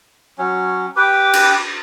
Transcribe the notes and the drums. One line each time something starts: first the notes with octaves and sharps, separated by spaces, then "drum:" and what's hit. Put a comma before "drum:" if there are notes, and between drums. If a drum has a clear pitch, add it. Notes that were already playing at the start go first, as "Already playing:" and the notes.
F#3 C#4
G4 B4 D6
drum: cymbal